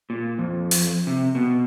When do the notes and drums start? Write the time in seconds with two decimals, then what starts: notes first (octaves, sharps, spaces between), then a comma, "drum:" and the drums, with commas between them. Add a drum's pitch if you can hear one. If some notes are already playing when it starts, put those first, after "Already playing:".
0.10 A#2
0.39 F2
0.71 drum: open hi-hat
1.07 C3
1.35 B2